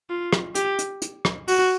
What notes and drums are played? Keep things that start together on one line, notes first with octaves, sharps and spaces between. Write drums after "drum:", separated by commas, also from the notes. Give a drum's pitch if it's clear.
F4
drum: rim click
G4, drum: hi-hat
drum: hi-hat
drum: hi-hat
drum: rim click
F#4, drum: open hi-hat